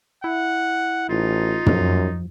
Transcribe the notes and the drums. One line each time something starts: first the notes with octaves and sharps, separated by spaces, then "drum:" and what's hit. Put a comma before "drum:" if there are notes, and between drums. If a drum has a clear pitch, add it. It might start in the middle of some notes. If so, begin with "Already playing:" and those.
E4 F#5
A1 D#4 F4
F#2 F3, drum: tom